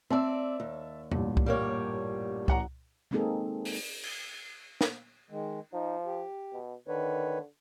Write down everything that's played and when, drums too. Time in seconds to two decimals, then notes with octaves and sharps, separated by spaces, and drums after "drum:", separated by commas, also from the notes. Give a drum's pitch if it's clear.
0.10 C4 D5 E5 A5 E6
0.60 D#2
1.12 A1 G2 A#2, drum: tom E2
1.37 drum: kick C2
1.46 G3 A#3 C#5
2.48 A1 F#5 A#5, drum: kick C2
3.11 G#3 A#3 C4 D#4 G#4 A4
3.65 drum: open hi-hat
4.03 drum: cymbal
4.81 drum: snare
5.30 D#3 G#3
5.73 F3 D#4
6.06 G4
6.52 B2
6.88 D3 D#3 B4 C#5